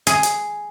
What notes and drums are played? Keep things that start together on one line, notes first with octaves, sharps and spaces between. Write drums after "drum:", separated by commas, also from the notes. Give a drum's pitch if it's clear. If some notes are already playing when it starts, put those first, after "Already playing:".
G#4, drum: hi-hat
drum: hi-hat